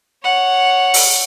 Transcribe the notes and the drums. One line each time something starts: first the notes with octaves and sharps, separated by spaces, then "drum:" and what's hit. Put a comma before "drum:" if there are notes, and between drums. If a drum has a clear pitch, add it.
C#5 F#5
drum: open hi-hat